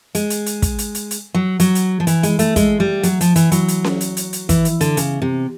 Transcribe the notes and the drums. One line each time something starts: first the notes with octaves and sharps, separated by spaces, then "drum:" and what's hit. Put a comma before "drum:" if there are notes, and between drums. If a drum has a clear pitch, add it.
G#3, drum: hi-hat
drum: hi-hat
drum: hi-hat
drum: kick, hi-hat
drum: hi-hat
drum: hi-hat
drum: hi-hat
F#3
F#3, drum: hi-hat
drum: hi-hat
F3
E3, drum: hi-hat
G#3, drum: hi-hat
A3, drum: hi-hat
G#3, drum: kick, hi-hat
G3
F#3, drum: hi-hat
F3, drum: hi-hat
E3, drum: hi-hat
F#3, drum: hi-hat
drum: hi-hat
drum: snare C#4
drum: hi-hat
drum: hi-hat
drum: hi-hat
E3, drum: kick, hi-hat
drum: hi-hat
D3, drum: hi-hat
C#3, drum: hi-hat
C3